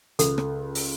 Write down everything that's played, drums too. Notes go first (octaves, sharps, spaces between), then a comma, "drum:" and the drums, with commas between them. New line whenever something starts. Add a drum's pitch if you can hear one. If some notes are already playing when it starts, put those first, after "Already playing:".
C#2 A4, drum: hi-hat
drum: rim click
drum: open hi-hat